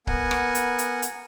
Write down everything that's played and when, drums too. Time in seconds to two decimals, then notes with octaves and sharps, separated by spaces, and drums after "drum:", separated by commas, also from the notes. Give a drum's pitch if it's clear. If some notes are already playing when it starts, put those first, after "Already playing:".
0.07 B3 A#4 F#5 G#5, drum: kick C#1
0.31 drum: rim click
0.55 drum: hi-hat
0.79 drum: hi-hat
1.02 drum: hi-hat